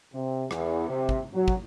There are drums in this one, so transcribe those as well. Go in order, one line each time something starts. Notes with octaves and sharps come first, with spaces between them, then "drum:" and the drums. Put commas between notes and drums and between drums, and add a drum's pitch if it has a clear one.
C3
E2, drum: rim click
C3
drum: kick
F#3
drum: kick